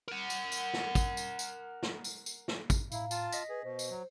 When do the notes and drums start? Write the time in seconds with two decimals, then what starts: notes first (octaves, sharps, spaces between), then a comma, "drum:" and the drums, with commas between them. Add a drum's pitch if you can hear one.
0.08 A#4 F#5
0.30 drum: tambourine
0.52 drum: tambourine
0.74 drum: snare
0.95 drum: kick, tambourine
1.17 drum: tambourine
1.39 drum: tambourine
1.83 drum: snare
2.04 drum: tambourine
2.26 drum: tambourine
2.48 drum: snare
2.70 drum: kick, tambourine
2.92 A2 E4 F5 A#5, drum: tambourine
3.11 F4 A5, drum: tambourine
3.32 D#5 A#6 B6, drum: tambourine
3.49 G#4 B4
3.64 B2 C5
3.79 drum: tambourine
3.90 F#3